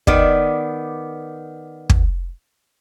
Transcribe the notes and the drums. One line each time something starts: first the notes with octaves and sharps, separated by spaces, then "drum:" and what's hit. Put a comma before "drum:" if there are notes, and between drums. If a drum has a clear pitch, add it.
D#3 B3 D5, drum: kick
drum: kick